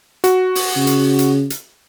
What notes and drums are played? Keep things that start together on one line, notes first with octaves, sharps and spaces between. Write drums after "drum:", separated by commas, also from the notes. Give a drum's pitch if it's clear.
F#4, drum: hi-hat
drum: open hi-hat
C#3
drum: hi-hat
drum: hi-hat
drum: hi-hat